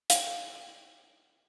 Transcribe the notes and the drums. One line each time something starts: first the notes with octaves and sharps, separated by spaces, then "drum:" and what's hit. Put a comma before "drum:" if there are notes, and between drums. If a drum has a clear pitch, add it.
F5, drum: hi-hat